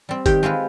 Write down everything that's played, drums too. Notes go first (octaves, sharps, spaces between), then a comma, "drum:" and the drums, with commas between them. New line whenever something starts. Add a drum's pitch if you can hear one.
G3 C4
D#3 G4, drum: kick G1, hi-hat
G#3 C4 F4 B4